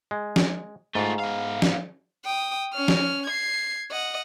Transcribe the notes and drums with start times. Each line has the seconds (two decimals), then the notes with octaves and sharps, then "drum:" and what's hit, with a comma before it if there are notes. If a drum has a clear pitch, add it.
0.11 G#3
0.36 drum: snare
0.95 G#2 A3 F4
1.20 B3 F5
1.62 drum: snare
2.25 G5 D#6
2.73 C#4 F6
2.88 drum: snare
3.26 G#6 C7
3.91 D#5 F#5